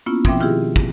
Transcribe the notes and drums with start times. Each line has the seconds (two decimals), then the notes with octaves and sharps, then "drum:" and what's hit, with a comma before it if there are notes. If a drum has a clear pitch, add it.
0.06 A#3 B3 C#4 E4 F4
0.25 B2 F3 C4 E5 G5 D6, drum: kick
0.40 D#3 E4 F4 G4 G#4
0.76 drum: kick